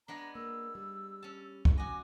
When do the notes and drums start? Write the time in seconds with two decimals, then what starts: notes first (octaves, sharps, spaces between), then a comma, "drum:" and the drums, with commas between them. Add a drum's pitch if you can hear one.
0.08 G#3 B3 D4 A#5
0.35 A#3 E6
0.75 G3
1.23 C#4 A5
1.65 drum: kick
1.77 F#4 D#5 G#5 D6